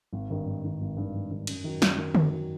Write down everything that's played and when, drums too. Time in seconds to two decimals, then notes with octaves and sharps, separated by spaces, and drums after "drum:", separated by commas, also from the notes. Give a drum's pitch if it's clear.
0.13 G#1
0.30 G2 D#3
0.46 G#1
0.64 G2 D#3
0.81 G#1
0.97 G2 D#3
1.15 G#1
1.31 G2 D#3
1.47 F#2, drum: cymbal
1.64 D#3 F#3
1.82 F#2, drum: snare
1.98 D#3 F#3
2.15 F#2, drum: tom D3
2.32 D#3 F#3